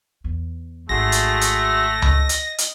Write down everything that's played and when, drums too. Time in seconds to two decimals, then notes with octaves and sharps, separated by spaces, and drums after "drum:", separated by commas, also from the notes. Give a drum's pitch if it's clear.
0.24 E2
0.89 G#1 A3 F#4 G#4 C6 A#6
1.12 drum: hi-hat
1.41 drum: hi-hat
2.02 D#5, drum: tom C#2
2.29 drum: hi-hat
2.58 drum: hi-hat